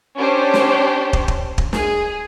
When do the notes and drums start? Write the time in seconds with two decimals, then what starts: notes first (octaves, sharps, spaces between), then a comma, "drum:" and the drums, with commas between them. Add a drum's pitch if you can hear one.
0.15 C#4 D4 G4 C5
0.54 drum: snare
1.13 drum: kick
1.28 drum: kick
1.58 drum: kick
1.73 G#4, drum: snare